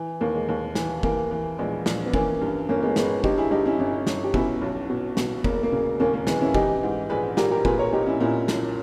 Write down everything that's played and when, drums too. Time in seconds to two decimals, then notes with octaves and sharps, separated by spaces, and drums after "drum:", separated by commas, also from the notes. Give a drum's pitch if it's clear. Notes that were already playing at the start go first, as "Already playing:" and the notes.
Already playing: E3
0.21 D#2 A#3
0.35 G#3
0.48 D#2
0.75 E3, drum: snare
1.03 E3 A#3, drum: kick
1.31 E3
1.58 A#1 G#3 B3
1.86 A#1, drum: snare
2.06 B3
2.14 E3 A#3 C#4, drum: kick
2.41 G2
2.69 G1 A#3 C#4
2.82 G#3 B3
2.96 G1 G#3 B3, drum: snare
3.24 G2 D#4 G4, drum: kick
3.38 E4 G#4
3.51 G2 D#4 G4
3.65 C#4 E4
3.79 G1 C#4 E4
4.07 G1, drum: snare
4.24 G4
4.34 B2 C#4 E4, drum: kick
4.62 B1
4.89 B2
5.17 B2, drum: snare
5.44 E1 A#3, drum: kick
5.63 A#3
5.72 C#3
6.00 D#2 A#3 C#4
6.14 A#3 C#4
6.27 E3 G#3 B3, drum: snare
6.41 C#4 E4
6.55 E3 D#4 G4, drum: kick
6.83 G#2
7.10 A#1 G#4 B4
7.37 A#1 G4 A#4, drum: snare
7.51 G4 A#4
7.65 A#2 G#4 B4, drum: kick
7.79 A#4 C#5
7.92 A#2 D#4 G4
8.06 C#4 E4
8.20 A#2 C#4 E4
8.48 B1, drum: snare